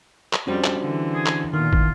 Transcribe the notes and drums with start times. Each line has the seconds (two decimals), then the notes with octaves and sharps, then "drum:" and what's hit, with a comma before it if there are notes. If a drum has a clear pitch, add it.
0.33 drum: clap
0.47 F2 G3 C#4 D4 F#4 C5
0.64 drum: clap
0.80 D3 E3
1.14 G#4
1.26 drum: clap
1.54 E2 A#2 D#3 F4
1.73 drum: kick